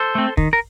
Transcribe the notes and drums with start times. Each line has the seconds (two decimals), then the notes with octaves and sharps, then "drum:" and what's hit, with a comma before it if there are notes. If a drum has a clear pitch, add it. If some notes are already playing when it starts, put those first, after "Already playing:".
Already playing: A4 C5
0.15 A3 C4
0.37 D#3, drum: kick
0.53 A#4